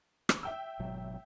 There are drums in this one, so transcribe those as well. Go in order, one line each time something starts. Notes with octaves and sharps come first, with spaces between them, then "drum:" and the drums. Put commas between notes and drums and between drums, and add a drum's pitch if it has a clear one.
drum: rim click
E5 G5 E6
G#1 B2 F#3